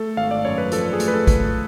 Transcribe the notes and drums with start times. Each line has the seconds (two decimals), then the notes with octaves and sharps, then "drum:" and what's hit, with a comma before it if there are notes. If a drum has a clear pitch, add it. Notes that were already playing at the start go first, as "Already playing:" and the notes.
Already playing: A3 A4
0.17 G#1 F5
0.31 D5
0.45 F#2 C#5
0.58 B4
0.72 F3 A4, drum: hi-hat
0.93 G#4
1.00 A3, drum: hi-hat
1.08 B4
1.14 A4
1.27 drum: kick G#1, hi-hat